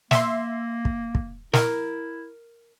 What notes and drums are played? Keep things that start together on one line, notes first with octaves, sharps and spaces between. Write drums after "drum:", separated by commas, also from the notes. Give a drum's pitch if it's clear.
A#3 E5 C6, drum: snare
drum: kick
drum: kick
E4 A#4, drum: snare